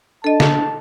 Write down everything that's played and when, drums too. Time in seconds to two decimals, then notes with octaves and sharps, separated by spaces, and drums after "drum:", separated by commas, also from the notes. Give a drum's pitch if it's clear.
0.24 D4 A4 D#5 A5
0.40 drum: snare